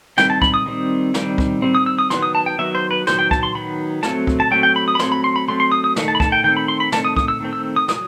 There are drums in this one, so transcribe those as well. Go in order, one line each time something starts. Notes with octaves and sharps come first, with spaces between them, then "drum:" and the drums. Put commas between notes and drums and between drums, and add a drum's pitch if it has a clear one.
D#3 G3 C4 G5, drum: snare
A5
B5, drum: kick
D#6
D#3 G3 C4
D#3 G3 C4, drum: snare
drum: kick
D#3 G3 C4
D#6
E6
D#6
D#3 F#3 B3 C6, drum: snare
D#6
A5
G5
D#3 F#3 B3 E5
C5
B4
D#3 F#3 B3 C5, drum: snare
G5
A5, drum: kick
C6
D#3 F#3 B3 B5
F#3 A3 C4 A5, drum: snare
drum: kick
A5
F#3 A3 C4 G5
G5
B5
D#6
B5
F#3 A3 C4 C6, drum: snare
B5
C6
B5
F#3 A3 C4 C6
C6
D#6
D#6
D#3 A3, drum: snare
A5
B5
A5, drum: kick
G5
D#3 A3 C4 G5
B5
C6
B5
D#3 A3 C4 A5, drum: snare
D#6
D#6, drum: kick
E6
D#3 A3 C4
E6
D#6
F#3 D#6, drum: snare